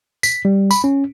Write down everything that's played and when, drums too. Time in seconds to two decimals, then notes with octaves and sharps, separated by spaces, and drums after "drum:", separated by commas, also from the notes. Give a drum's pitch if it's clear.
0.23 B6, drum: tambourine
0.45 G3
0.71 B5, drum: tambourine
0.84 C#4